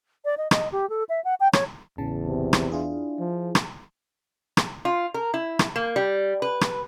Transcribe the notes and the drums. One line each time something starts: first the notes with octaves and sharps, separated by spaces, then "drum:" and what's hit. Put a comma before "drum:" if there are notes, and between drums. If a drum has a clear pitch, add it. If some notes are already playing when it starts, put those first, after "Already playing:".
D5
D#5
D#5, drum: rim click
G4
A4
E5
F#5
G5
C#5, drum: rim click
A1 E2 C#3 A5
C3
drum: rim click
D4 E4 F4 G#4
F3
drum: rim click
drum: rim click
F4
A#4
E4
drum: rim click
A#3
G3
B4
drum: rim click